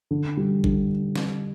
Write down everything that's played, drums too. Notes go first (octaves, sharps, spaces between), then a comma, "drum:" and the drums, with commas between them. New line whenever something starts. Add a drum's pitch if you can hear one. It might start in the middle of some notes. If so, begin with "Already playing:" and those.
D3
G3
D3, drum: kick G1
drum: snare